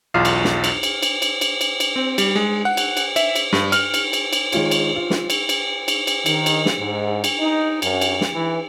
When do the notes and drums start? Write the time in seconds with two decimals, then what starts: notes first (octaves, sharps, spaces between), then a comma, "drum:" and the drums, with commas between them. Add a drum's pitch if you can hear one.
0.14 B1 E2 F4 F6 C7
0.25 drum: cymbal
0.44 drum: snare
0.64 drum: cymbal
0.83 drum: cymbal
1.03 drum: cymbal
1.22 drum: cymbal
1.41 drum: cymbal
1.61 drum: cymbal
1.80 drum: cymbal
1.96 C4
2.18 G3, drum: cymbal
2.35 G#3
2.65 F#5
2.77 drum: cymbal
2.97 drum: cymbal
3.16 E5, drum: cymbal
3.36 drum: cymbal
3.53 G2, drum: snare
3.72 F6, drum: cymbal
3.94 drum: cymbal
4.13 drum: cymbal
4.33 drum: cymbal
4.52 D#3 G#3 F4 C#5, drum: cymbal
4.71 drum: cymbal
4.96 F4
5.10 drum: snare
5.30 drum: cymbal
5.49 drum: cymbal
5.88 drum: cymbal
6.07 drum: cymbal
6.26 D#3, drum: cymbal
6.46 drum: cymbal
6.66 drum: snare
6.79 G#2
7.24 drum: cymbal
7.39 D#4
7.82 F#2, drum: cymbal
8.01 drum: cymbal
8.21 drum: snare
8.34 E3